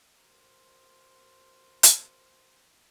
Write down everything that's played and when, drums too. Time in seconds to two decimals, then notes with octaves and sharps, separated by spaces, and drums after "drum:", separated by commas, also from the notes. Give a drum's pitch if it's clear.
0.15 F#4 A#4 C5
1.83 drum: hi-hat